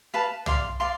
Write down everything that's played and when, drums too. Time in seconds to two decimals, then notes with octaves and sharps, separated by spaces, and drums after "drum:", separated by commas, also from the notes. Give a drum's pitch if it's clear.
0.14 B4 F5 A5
0.46 D5 F5 C6, drum: tom
0.80 D5 F5 C6